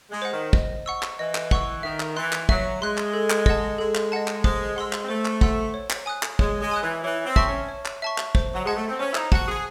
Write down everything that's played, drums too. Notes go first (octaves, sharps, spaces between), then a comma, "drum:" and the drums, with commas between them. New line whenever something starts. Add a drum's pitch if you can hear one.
G#3
C5 F#5
D#3
D#5, drum: kick
F#5 C#6 E6
drum: clap
E3 D#5
drum: clap
F#5 C#6 E6, drum: kick
D#3 E5
drum: clap
E3 C6 F#6
drum: clap
F#3 E5, drum: kick
G#3 C6 F#6
drum: clap
A4
drum: clap
D#5 F#5 A5, drum: kick
G#3 A4
drum: clap
D#5 F#5 A5
drum: clap
G#3 C5, drum: kick
G#3 F#5 C6 E6
drum: clap
C4
A3 C5
drum: clap
F#5 C6 E6, drum: kick
C#5
drum: clap
G#5 D#6 F#6
drum: clap
G#3 C#5, drum: kick
G#3
G#5 D#6 F#6
E3
E3 C#5
C4
E5 A5 C#6, drum: kick
C#4
C#5
drum: clap
E5 A5 C#6
drum: clap
C5, drum: kick
F#3
G#3 F#5 A5
A3
C4
C#4 C5
E4
D#4, drum: clap
F#4 F#5 A5, drum: kick
G#4